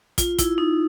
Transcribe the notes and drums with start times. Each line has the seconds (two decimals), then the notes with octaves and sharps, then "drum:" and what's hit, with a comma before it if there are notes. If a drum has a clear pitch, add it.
0.18 F4, drum: kick, hi-hat
0.39 E4, drum: kick, hi-hat
0.58 D#4